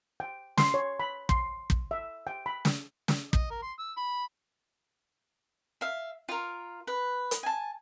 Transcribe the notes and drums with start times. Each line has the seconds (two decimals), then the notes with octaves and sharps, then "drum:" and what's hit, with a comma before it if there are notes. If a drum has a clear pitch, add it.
0.20 G5
0.58 C6, drum: snare
0.74 C#5
1.00 B5
1.29 C6, drum: kick
1.70 drum: kick
1.91 E5
2.27 G5
2.46 B5
2.65 drum: snare
3.08 drum: snare
3.33 D#5, drum: kick
3.51 A#4
3.62 C6
3.79 E6
3.97 B5
5.81 E5 F5
6.29 F4 A#4
6.87 B4
7.31 drum: hi-hat
7.43 G#5 A5